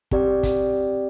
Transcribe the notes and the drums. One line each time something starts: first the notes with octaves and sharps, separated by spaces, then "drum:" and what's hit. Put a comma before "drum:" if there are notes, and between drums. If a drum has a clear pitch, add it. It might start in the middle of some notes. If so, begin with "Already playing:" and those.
C4 G4 D5 G5, drum: kick
drum: kick, hi-hat